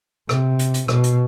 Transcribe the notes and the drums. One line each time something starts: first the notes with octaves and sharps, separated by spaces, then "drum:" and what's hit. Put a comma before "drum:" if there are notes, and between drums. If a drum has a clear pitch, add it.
C3, drum: rim click
drum: hi-hat
drum: hi-hat
B2, drum: rim click
drum: hi-hat